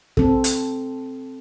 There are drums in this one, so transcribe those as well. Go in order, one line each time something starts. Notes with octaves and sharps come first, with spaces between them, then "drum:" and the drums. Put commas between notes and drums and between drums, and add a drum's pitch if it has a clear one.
C4 A4, drum: kick
drum: hi-hat